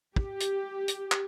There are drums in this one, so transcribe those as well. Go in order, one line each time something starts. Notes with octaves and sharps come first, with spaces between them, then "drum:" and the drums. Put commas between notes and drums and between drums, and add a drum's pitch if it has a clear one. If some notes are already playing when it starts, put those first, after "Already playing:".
G4, drum: kick
drum: hi-hat
drum: hi-hat
drum: clap